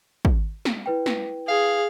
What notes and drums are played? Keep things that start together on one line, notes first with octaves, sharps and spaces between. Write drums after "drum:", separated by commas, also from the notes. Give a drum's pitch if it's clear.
drum: kick
drum: snare
E4 B4 G5
drum: snare
G#4 F5